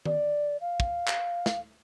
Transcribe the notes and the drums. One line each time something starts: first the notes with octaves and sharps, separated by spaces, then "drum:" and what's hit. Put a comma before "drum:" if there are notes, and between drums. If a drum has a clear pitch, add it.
D5, drum: tom D#3
F5
drum: kick
drum: clap
drum: snare